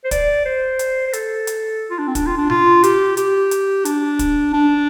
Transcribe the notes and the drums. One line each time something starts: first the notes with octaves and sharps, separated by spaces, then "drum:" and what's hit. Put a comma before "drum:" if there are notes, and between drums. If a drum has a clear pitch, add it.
C5
D5, drum: kick, hi-hat
C5
drum: hi-hat
C5
A4, drum: hi-hat
drum: hi-hat
F4
D4
C4
D4, drum: kick, hi-hat
F4
D4
F4, drum: tom B2
G4, drum: hi-hat
G4, drum: hi-hat
drum: hi-hat
D4, drum: hi-hat
drum: kick, hi-hat
D4